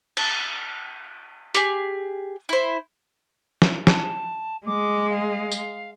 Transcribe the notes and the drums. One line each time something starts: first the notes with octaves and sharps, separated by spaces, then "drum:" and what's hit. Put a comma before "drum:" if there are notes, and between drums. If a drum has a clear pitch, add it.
A5, drum: cymbal
G4 G#4, drum: hi-hat
E4 C5
drum: snare
A5, drum: snare
G#3 D6
F5
drum: tambourine